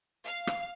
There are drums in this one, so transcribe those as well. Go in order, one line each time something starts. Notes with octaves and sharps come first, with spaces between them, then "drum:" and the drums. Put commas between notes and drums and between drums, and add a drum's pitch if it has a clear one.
F5
drum: rim click